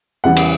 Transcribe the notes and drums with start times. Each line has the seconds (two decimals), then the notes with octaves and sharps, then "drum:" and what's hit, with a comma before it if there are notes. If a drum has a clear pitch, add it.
0.24 E2 C#3 E3 G3 F#5
0.37 drum: cymbal